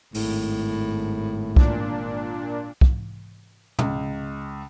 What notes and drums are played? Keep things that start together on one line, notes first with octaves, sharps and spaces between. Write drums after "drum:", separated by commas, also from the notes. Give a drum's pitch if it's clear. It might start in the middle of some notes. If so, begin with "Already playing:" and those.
G#1 A2, drum: open hi-hat
A#2 D4, drum: kick
drum: kick
C#2, drum: tom